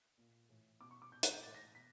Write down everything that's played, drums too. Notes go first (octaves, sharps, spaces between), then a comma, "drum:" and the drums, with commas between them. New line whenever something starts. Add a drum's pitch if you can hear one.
A#2
A2 E3
B2 D6
C#6
D6
B2 G6
F#6, drum: hi-hat
G6
A2 E3 A6
A#6
B2 B6